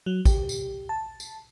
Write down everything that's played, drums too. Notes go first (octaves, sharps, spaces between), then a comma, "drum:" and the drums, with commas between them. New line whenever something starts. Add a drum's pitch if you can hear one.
F#3
G4, drum: kick, tambourine
drum: tambourine
A5
drum: tambourine